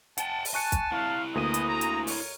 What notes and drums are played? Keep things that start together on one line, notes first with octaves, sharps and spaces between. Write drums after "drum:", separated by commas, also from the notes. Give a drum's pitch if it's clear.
F#5 G5 A5, drum: hi-hat
drum: open hi-hat
G#5 A5 C#6 F#6 C#7
drum: kick, hi-hat
C4 E4 F5
D2 A#3 B4 D#5 D#6 D#7
drum: hi-hat
A#5
drum: hi-hat
A#4 C#5, drum: open hi-hat